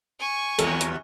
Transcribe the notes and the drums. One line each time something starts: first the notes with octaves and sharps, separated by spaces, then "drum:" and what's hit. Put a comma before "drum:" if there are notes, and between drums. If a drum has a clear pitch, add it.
G#5 C#6
D#2 F#3 G3 A4, drum: hi-hat
drum: hi-hat